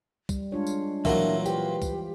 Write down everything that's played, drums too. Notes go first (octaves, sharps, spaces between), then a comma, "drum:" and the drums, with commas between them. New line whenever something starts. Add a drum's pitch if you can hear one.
G3, drum: kick, tambourine
G#3 D4 F4 C#5
drum: tambourine
A#2 E3 F#3 A#4 E5, drum: kick, tambourine
F4 G4 B4 C5, drum: tambourine
drum: kick, tambourine